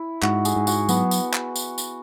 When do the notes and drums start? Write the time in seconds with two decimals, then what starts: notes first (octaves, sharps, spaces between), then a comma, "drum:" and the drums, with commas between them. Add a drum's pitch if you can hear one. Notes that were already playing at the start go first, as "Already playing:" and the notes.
Already playing: E4
0.22 G#2 F#4, drum: clap
0.45 G#4, drum: tambourine
0.56 G#2
0.67 F#4, drum: tambourine
0.89 F#3 B3, drum: tambourine
1.11 drum: tambourine
1.34 drum: clap
1.56 drum: tambourine
1.78 drum: tambourine